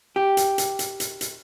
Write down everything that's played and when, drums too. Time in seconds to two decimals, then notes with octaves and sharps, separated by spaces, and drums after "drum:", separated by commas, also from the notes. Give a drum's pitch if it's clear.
0.16 G4
0.37 drum: hi-hat
0.58 drum: hi-hat
0.79 drum: hi-hat
1.00 drum: hi-hat
1.21 drum: hi-hat